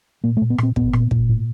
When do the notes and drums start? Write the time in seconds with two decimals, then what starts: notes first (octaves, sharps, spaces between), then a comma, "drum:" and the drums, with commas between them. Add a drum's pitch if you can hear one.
0.24 A#2 A#3
0.37 A3
0.41 A#2
0.50 B3
0.58 A#2 C4, drum: rim click
0.76 A#2 B3, drum: kick
0.93 A#2, drum: rim click
1.11 A#2, drum: kick
1.29 A2